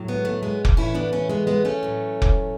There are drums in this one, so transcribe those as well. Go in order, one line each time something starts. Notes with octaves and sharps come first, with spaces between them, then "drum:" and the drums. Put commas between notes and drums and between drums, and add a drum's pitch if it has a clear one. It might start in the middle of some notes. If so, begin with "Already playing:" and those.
Already playing: A2 F#3
G#3 B3
A3
G#3 B3
drum: kick F1
A2 E3 C#4 E4
B3 D4
A3 C#4
G#3 B3
G#3 B3
A3 C#4
A2 F#3
drum: kick F1